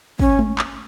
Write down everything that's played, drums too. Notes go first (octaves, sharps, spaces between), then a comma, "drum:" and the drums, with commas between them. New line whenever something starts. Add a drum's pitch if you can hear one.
C#4, drum: kick
drum: tom G#3
drum: clap